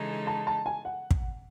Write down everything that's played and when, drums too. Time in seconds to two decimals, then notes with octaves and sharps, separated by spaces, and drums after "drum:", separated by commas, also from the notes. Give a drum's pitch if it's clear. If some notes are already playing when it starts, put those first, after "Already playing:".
Already playing: C#3 E3 G#3 D#4 A4
0.27 A5
0.47 A5
0.66 G#5
0.85 F#5
1.11 drum: kick